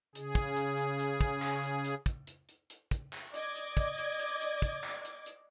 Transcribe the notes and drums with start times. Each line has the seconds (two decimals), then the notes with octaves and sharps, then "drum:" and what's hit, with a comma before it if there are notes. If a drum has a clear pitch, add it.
0.15 C#3 G#4, drum: hi-hat
0.35 drum: kick
0.56 drum: hi-hat
0.78 drum: hi-hat
0.99 drum: hi-hat
1.21 drum: kick, hi-hat
1.42 drum: clap
1.63 drum: hi-hat
1.85 drum: hi-hat
2.06 drum: kick, hi-hat
2.27 drum: hi-hat
2.49 drum: hi-hat
2.70 drum: hi-hat
2.91 drum: kick, hi-hat
3.13 drum: clap
3.34 D5 D#5 D6 G#6, drum: hi-hat
3.55 drum: hi-hat
3.77 drum: kick, hi-hat
3.98 drum: hi-hat
4.19 drum: hi-hat
4.41 drum: hi-hat
4.62 drum: kick, hi-hat
4.84 drum: clap
5.05 drum: hi-hat
5.26 drum: hi-hat